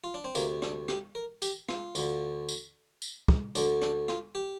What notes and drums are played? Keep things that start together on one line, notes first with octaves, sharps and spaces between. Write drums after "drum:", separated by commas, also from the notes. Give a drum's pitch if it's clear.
F4
D4
C4
D2 C3 A#3, drum: tambourine
D4, drum: rim click
G4, drum: rim click
A#4
G4, drum: tambourine
F4, drum: rim click
D2 D3, drum: tambourine
drum: tambourine
drum: tambourine
drum: kick
D2 D3 D4, drum: tambourine
D4, drum: rim click
F4, drum: rim click
G4